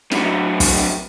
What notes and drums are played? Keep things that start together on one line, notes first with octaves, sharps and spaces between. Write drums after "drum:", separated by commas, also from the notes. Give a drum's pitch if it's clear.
A2 F#3, drum: snare
drum: kick, open hi-hat